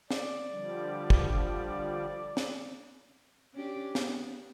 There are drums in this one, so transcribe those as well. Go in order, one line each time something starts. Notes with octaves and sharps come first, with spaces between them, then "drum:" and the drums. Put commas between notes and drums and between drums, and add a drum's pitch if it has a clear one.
D5, drum: snare
D3 F3 G3
drum: kick
drum: snare
C#4 D4 G4
B3, drum: snare